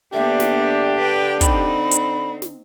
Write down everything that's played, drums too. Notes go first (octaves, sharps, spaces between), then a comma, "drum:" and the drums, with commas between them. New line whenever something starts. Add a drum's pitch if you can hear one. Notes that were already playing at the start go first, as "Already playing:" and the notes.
D3 A#3 B3 D4 G4 E5
drum: snare
B4 G5
C4 D#4 B5, drum: kick, hi-hat
drum: hi-hat
drum: snare